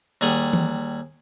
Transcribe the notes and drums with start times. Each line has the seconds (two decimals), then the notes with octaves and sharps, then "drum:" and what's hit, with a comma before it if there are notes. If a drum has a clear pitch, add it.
0.21 D#2 G3 G#4 F#5
0.53 drum: tom E3